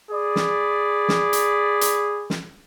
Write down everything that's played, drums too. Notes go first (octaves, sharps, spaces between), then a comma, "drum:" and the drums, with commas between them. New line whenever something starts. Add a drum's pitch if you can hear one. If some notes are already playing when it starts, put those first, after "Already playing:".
G#4 D5 B5
drum: snare
drum: snare
drum: hi-hat
drum: hi-hat
drum: snare